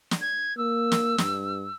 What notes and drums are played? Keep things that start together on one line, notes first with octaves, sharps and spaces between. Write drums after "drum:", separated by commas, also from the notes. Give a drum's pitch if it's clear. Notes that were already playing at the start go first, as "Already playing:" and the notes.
drum: snare
G#6
A#3 E6
drum: snare
G2, drum: snare